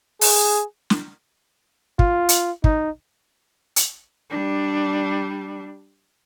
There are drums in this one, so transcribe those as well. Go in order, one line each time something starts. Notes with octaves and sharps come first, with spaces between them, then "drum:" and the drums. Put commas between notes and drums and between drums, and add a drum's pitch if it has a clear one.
G#4, drum: open hi-hat
drum: snare
F4, drum: kick
drum: hi-hat
D#4, drum: kick
drum: hi-hat
G3 D4